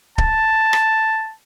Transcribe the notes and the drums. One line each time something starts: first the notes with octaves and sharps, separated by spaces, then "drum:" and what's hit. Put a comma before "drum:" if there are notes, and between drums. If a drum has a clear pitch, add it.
A5, drum: kick D1
drum: rim click